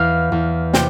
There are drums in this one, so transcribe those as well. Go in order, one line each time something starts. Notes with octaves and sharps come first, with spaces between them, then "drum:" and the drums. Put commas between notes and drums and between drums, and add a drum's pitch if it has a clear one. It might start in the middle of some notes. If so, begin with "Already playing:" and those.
Already playing: E2 F5
E2
C3 G5, drum: snare